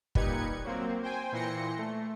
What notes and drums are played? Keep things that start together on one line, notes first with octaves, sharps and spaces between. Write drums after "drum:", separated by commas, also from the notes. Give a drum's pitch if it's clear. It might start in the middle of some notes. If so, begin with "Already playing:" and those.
A#2 G3 D#4 B4 G#6 C#7, drum: kick
F#3 A#3 C4
C5 G5 G#5
A#2 E3 C6 A#6 C#7
A3